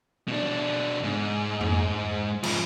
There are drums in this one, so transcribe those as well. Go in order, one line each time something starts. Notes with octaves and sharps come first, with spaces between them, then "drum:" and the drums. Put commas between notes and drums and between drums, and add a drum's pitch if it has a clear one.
B2 D4
G#2
drum: tom F2
G#2 F3, drum: cymbal